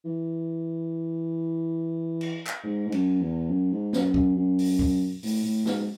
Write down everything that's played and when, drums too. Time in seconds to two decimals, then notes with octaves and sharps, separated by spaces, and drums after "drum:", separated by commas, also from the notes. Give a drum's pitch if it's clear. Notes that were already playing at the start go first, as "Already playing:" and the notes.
0.05 E3
2.21 drum: cymbal
2.47 drum: clap
2.64 G#2
2.86 G#2
2.92 F#2, drum: cymbal
3.21 E2
3.50 F#2
3.72 G#2
3.93 F#2, drum: snare
4.14 F#2, drum: kick
4.36 F#2
4.59 drum: open hi-hat
4.79 drum: kick
5.23 A2, drum: open hi-hat
5.44 A2
5.66 G#2, drum: snare